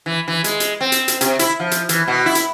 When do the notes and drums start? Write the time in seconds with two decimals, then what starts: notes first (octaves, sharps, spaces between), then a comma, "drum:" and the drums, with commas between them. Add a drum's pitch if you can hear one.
0.06 E3
0.28 E3
0.44 G#3, drum: hi-hat
0.60 drum: hi-hat
0.81 C4
0.92 drum: hi-hat
1.08 drum: hi-hat
1.21 C3, drum: hi-hat
1.39 E4, drum: hi-hat
1.60 F3
1.71 drum: hi-hat
1.89 E3, drum: hi-hat
2.08 B2
2.26 E4
2.35 drum: hi-hat